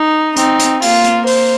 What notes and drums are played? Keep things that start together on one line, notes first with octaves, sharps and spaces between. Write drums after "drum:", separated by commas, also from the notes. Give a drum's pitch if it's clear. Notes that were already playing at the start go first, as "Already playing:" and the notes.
Already playing: D#4
C4 D#4, drum: hi-hat
drum: hi-hat
A#3 F4, drum: open hi-hat
drum: hi-hat
C5, drum: open hi-hat